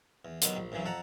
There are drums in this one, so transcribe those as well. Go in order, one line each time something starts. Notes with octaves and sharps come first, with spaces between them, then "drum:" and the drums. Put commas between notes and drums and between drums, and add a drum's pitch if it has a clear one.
E2
D3 D#3 F#3 G3 B3, drum: hi-hat
A#1
C2 G2 C#3 E3 F#3
F2 A4 F#5 A#5